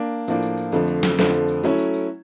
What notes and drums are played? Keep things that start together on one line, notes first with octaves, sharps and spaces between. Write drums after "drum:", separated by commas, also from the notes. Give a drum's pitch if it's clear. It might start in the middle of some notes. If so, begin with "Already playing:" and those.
Already playing: A#3 D4
A2 F3 A#3 D4, drum: tambourine
drum: tambourine
drum: tambourine
F2 D3 F3 A3, drum: tambourine
drum: tambourine
drum: snare
F2 D3 F3 A3, drum: snare
drum: tambourine
drum: tambourine
F#3 A3 C#4 E4, drum: tambourine
drum: tambourine
drum: tambourine